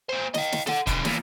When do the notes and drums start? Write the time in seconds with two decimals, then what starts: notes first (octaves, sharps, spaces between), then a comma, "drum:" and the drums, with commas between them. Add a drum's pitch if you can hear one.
0.09 A#3 C5
0.34 D#5 F5, drum: snare
0.52 drum: snare
0.67 A4 F#5, drum: snare
0.87 B2 D3, drum: kick C#1, hi-hat
1.05 E2 A#2, drum: snare